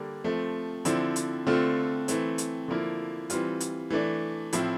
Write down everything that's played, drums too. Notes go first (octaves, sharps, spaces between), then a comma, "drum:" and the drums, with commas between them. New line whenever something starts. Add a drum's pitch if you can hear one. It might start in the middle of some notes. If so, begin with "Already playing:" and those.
Already playing: D3 G3 A#3 D4
F3 A3 C4
D3 F3 C4 E4, drum: hi-hat
drum: hi-hat
D3 A3 C4 F4
E3 A3 C4, drum: hi-hat
drum: hi-hat
D3 F3 A#3 E4
E3 G3 C4 F4, drum: hi-hat
drum: hi-hat
E3 A3 D4
A2 F3 C4 E4, drum: hi-hat